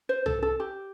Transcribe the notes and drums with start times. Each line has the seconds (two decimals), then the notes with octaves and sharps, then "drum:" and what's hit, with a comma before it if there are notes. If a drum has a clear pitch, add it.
0.09 C5
0.26 A4, drum: tom
0.43 A4
0.60 G4